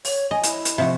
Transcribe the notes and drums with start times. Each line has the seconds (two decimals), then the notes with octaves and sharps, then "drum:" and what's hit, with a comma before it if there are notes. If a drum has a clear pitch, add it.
0.05 C#5, drum: open hi-hat
0.31 D#5 G#5
0.43 E4, drum: hi-hat
0.65 drum: hi-hat
0.78 C3 F3 F#4